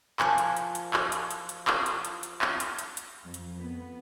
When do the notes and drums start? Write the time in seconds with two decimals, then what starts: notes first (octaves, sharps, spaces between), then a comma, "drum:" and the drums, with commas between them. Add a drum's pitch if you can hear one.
0.20 F3 A#4 G#5, drum: clap
0.38 drum: hi-hat
0.57 drum: hi-hat
0.75 drum: hi-hat
0.94 drum: clap
1.12 drum: hi-hat
1.31 drum: hi-hat
1.49 drum: hi-hat
1.68 drum: clap
1.86 drum: hi-hat
2.05 drum: hi-hat
2.23 drum: hi-hat
2.42 drum: clap
2.60 drum: hi-hat
2.79 drum: hi-hat
2.97 drum: hi-hat
3.24 F2
3.34 drum: hi-hat
3.59 B3